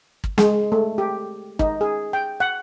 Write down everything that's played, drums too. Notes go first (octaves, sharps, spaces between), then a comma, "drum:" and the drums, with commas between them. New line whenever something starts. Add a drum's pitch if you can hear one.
drum: kick
G#3, drum: snare
A3
G4
D#4, drum: kick
G#4
G5
F#5